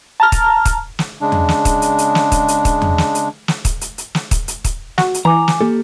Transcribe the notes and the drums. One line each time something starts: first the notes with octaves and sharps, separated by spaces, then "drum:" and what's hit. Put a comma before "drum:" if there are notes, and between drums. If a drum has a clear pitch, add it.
A5 A#5 F6
drum: kick, hi-hat
drum: kick, hi-hat
drum: snare
C#3 G#3 D4
drum: tom E2
drum: snare
drum: kick, hi-hat
drum: hi-hat
drum: hi-hat
drum: snare
drum: kick, hi-hat
drum: hi-hat
drum: kick, hi-hat
drum: tom E2
drum: snare
drum: hi-hat
drum: snare
drum: kick, hi-hat
drum: hi-hat
drum: hi-hat
drum: snare
drum: kick, hi-hat
drum: hi-hat
drum: kick, hi-hat
F#4, drum: snare
drum: hi-hat
E3 G#5 A#5 D6
drum: snare
A#3 G4 A4